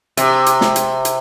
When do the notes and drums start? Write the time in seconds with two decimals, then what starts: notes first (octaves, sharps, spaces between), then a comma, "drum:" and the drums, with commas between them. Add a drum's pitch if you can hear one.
0.17 C3, drum: hi-hat
0.46 drum: hi-hat
0.61 drum: snare
0.76 drum: hi-hat
1.05 drum: hi-hat